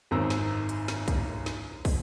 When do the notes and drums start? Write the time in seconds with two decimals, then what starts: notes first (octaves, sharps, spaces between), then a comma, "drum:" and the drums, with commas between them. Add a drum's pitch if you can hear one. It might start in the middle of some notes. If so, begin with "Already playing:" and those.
0.11 G#1 F#2 D#3 C5 A#5 E6
0.30 drum: snare
0.69 drum: hi-hat
0.88 drum: snare
1.08 drum: kick, hi-hat
1.46 drum: snare
1.85 drum: kick, open hi-hat